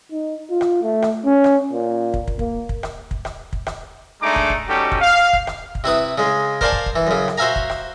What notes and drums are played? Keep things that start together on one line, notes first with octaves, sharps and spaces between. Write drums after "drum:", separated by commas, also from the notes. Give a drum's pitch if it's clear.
D#4
F4
drum: rim click
A3
drum: rim click
C#4
drum: rim click
A#2
drum: kick
drum: kick
A#3, drum: kick
drum: kick
drum: rim click
drum: kick
drum: rim click
drum: kick
drum: rim click
G#3 A3 D4 D#4 A#5 D6
drum: kick
drum: kick
G3 C#4 D#4 F#4 G4 A4
drum: kick
F5
drum: kick
drum: rim click
drum: kick
C3 E4 B4 D#6
C#3 G#3
A#4 C5 D5 F5 G#5 A5, drum: kick
drum: kick
drum: kick
E3
F#2 C#3
drum: rim click
F#4 C5 E5 F5 G#5 A#5
drum: kick
drum: rim click